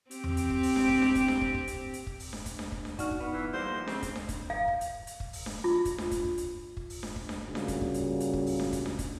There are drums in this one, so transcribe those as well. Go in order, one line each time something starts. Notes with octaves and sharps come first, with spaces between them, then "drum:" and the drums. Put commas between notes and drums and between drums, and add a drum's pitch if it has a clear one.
C4 G4, drum: hi-hat
drum: tom E2
drum: hi-hat
drum: kick
drum: open hi-hat
drum: snare D4
drum: kick
drum: snare D4
drum: kick, hi-hat
drum: snare D4
drum: kick
drum: kick
drum: hi-hat
drum: hi-hat
drum: kick
drum: open hi-hat
drum: snare D4
drum: kick, hi-hat
drum: snare D4
drum: kick
drum: snare D4
D#4 F#4 D5 F6, drum: kick, hi-hat
drum: kick
B3
E3
G3 A#3 C5
A#2 F3
C#3 C4, drum: snare D4
drum: kick, hi-hat
drum: snare D4
drum: kick, hi-hat
F5
drum: kick
drum: hi-hat
drum: hi-hat
drum: kick
drum: open hi-hat
drum: snare D4
F4
drum: kick, hi-hat
drum: snare D4
drum: kick, hi-hat
drum: kick
drum: hi-hat
drum: kick
drum: open hi-hat
drum: snare D4
drum: kick
drum: snare D4
A#2 C#3 G3 C#4 F#4
drum: snare D4
drum: kick, hi-hat
drum: kick
drum: hi-hat
drum: hi-hat
drum: kick
drum: open hi-hat
drum: snare D4
drum: kick, hi-hat
drum: snare D4
drum: kick, hi-hat